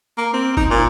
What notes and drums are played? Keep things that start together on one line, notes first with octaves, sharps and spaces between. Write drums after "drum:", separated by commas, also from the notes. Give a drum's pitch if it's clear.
A#3
C4
D#4, drum: kick F#1
A#2